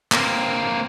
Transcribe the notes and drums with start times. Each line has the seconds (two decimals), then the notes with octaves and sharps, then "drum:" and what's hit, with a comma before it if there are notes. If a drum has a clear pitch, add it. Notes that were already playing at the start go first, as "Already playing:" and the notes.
0.12 A#3 C4, drum: clap